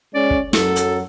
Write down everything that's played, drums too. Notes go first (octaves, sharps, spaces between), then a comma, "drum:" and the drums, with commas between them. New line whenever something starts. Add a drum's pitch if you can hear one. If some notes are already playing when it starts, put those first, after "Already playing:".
G#3 C#4 D5
drum: kick
F#2 F#3 A4, drum: snare
drum: hi-hat